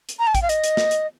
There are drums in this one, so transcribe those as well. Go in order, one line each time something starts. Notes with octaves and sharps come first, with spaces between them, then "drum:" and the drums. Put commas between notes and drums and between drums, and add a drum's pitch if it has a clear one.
drum: hi-hat
A#5
A5
G5, drum: kick A1, hi-hat
F5
D#5, drum: hi-hat
drum: hi-hat
drum: snare
drum: hi-hat